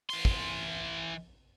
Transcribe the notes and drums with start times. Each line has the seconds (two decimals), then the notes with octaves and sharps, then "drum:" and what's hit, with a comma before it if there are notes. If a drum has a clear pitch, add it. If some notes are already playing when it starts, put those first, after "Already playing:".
0.10 E3 C6, drum: open hi-hat
0.25 drum: kick